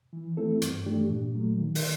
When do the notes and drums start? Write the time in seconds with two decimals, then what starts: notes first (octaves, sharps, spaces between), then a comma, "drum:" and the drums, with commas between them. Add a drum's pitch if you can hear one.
0.13 E3
0.37 A3 C4 E4 A4
0.62 G2, drum: hi-hat
0.86 E3 A3 D4 G4
1.10 A#2
1.35 F#3 A3
1.58 D#3
1.75 drum: open hi-hat